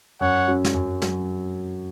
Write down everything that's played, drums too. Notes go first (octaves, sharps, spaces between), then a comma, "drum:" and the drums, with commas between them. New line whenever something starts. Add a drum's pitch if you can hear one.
F#2 C#5 F#5
F#3 C#4
drum: snare
F#2
F#3, drum: snare